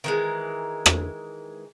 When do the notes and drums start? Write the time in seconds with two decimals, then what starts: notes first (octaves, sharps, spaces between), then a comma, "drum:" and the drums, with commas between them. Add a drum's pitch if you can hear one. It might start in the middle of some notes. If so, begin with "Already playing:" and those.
0.04 D#3 E3 G#3
0.86 drum: rim click